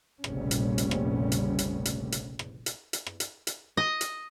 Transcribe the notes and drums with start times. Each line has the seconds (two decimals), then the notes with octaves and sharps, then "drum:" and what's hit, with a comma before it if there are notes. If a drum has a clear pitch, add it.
0.24 F1 A#1 A#2 C#3 G3 C#4, drum: rim click
0.51 drum: hi-hat
0.78 drum: hi-hat
0.91 drum: rim click
1.32 drum: hi-hat
1.59 drum: hi-hat
1.85 drum: hi-hat
2.12 drum: hi-hat
2.39 drum: rim click
2.66 drum: hi-hat
2.93 drum: hi-hat
3.07 drum: rim click
3.20 drum: hi-hat
3.47 drum: hi-hat
3.77 D#5
4.01 drum: hi-hat